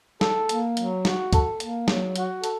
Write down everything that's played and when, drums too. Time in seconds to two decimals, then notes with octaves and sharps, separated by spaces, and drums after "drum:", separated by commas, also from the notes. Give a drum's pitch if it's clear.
0.21 A4, drum: snare
0.49 A#3, drum: hi-hat
0.77 F#3, drum: hi-hat
1.05 F#4, drum: snare
1.33 A4, drum: kick, hi-hat
1.60 A#3, drum: hi-hat
1.88 F#3, drum: snare
2.16 F#4, drum: hi-hat
2.44 A4, drum: hi-hat